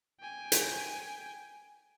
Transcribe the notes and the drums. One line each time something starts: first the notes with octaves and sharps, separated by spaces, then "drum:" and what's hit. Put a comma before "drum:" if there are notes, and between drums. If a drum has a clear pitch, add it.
G5 G#5
drum: hi-hat